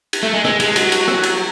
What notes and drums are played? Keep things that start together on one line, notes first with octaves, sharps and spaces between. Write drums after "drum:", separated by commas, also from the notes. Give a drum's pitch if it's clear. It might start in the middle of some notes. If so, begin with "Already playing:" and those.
drum: cymbal
A3
G#3
G#3, drum: rim click
G#3, drum: cymbal
F#3, drum: cymbal
drum: cymbal
drum: rim click
drum: cymbal